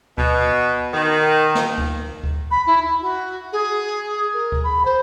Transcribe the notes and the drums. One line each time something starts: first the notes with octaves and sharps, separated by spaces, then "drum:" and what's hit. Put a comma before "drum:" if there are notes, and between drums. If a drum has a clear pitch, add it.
B2, drum: kick D2
D#3
drum: snare
drum: kick D2
drum: kick D2
B5
E4
E4
F#4
G#4
A#4
drum: kick D2
B5
C5